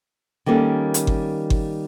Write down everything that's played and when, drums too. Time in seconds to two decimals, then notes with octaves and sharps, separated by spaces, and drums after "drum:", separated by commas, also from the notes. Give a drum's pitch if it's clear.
0.46 D#3 G3 A#3 C#4 A4
0.94 drum: hi-hat
1.07 drum: kick G1
1.50 drum: kick G1